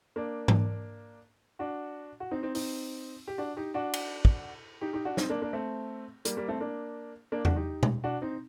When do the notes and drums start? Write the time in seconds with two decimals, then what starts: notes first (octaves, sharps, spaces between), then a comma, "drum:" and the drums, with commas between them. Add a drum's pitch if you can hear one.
0.16 A#3 D4
0.48 drum: tom G#2
1.59 D4 F#4
2.20 F#4
2.31 C4 D#4
2.43 C4 D#4
2.55 C4 D#4, drum: open hi-hat
3.27 G4
3.38 D4 F#4
3.57 D#4 G4
3.74 D4 F#4
3.93 drum: cymbal
4.25 drum: kick
4.81 D#4 G4
4.93 D#4 G4
5.05 D4 F#4
5.17 C4 D#4, drum: snare
5.30 A#3 D4
5.42 A#3 D4
5.53 A3 C4
6.25 G3 A#3, drum: hi-hat
6.37 G3 A#3
6.48 A3 C4
6.60 A#3 D4
7.32 A#3 D4
7.45 D4 F#4, drum: tom E2
7.56 D#4 G4
7.83 drum: tom B2
8.04 D4 F#4
8.22 C4 D#4